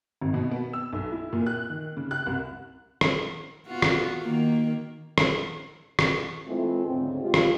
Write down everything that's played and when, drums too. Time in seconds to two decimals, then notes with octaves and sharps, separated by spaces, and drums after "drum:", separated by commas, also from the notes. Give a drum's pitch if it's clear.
0.21 G#1
0.34 B2
0.52 B3
0.73 E6
0.93 B1
1.12 E4
1.33 A#2
1.46 F#6
1.70 D#3
1.97 C#3
2.11 F#6
2.26 C2
3.01 drum: rim click
3.68 B3 F4 F#4
3.82 drum: rim click
4.22 D#3 A#3
5.18 drum: rim click
5.99 drum: rim click
6.47 E3 G#3 A3 C4 E4 F4
6.86 D2 G#2 C#3 C4
7.20 G#3 F4 G4
7.34 drum: rim click